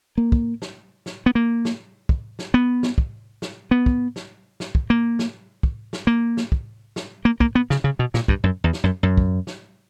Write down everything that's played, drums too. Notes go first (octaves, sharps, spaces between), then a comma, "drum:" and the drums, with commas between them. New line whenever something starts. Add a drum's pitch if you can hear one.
A#3
drum: kick
drum: snare
drum: snare
B3
A#3
drum: snare
drum: kick
drum: snare
B3
drum: snare
drum: kick
drum: snare
B3
drum: kick
drum: snare
drum: snare
drum: kick
A#3
drum: snare
drum: kick
drum: snare
A#3
drum: snare
drum: kick
drum: snare
A#3
A#3, drum: kick
B3
C#3, drum: snare
C#3
B2
A#2, drum: snare
G2, drum: kick
F#2
E2
drum: snare
F#2
F#2
drum: kick
drum: snare